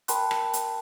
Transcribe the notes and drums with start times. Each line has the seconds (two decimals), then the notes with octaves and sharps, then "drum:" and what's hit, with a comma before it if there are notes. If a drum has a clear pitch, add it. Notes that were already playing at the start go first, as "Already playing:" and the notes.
0.08 A#4 G5 A5 B5 C6 F#6, drum: hi-hat
0.31 drum: rim click
0.53 drum: hi-hat